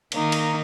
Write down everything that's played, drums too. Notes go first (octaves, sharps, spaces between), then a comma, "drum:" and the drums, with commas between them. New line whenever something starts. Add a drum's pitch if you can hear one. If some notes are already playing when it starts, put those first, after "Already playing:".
D#3 A#3 D#4, drum: cymbal
drum: cymbal